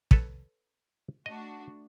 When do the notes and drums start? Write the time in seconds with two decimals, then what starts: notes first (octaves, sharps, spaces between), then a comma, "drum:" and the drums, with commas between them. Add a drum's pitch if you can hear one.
0.11 A4 B4 C#5, drum: kick
1.26 A3 D4 F#4 D#5